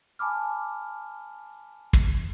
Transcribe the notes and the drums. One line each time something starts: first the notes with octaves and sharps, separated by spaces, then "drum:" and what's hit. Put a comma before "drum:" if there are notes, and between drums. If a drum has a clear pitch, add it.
G#5 A5 B5 D6 F6
drum: kick